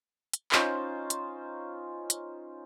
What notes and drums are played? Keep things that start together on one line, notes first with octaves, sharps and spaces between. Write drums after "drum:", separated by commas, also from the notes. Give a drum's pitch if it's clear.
drum: hi-hat
C#4 D#4 F4 C5, drum: clap
drum: hi-hat
drum: hi-hat